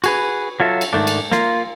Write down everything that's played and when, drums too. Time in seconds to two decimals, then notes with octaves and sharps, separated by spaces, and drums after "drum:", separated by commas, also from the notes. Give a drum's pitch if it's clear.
0.04 F#4 G#4 B4, drum: cymbal
0.60 F#3 F4 A4 E5
0.81 drum: cymbal
0.93 G#2 D#3 A3 D4
1.07 drum: cymbal
1.32 A#3 F4, drum: snare